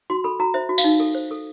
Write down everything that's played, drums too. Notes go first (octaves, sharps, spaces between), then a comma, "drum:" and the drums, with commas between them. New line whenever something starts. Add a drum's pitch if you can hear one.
F#4 C6
A4 B5
F#4 A#5
C5 E5
F#4
F5, drum: tambourine
D#4
A4
C5
A4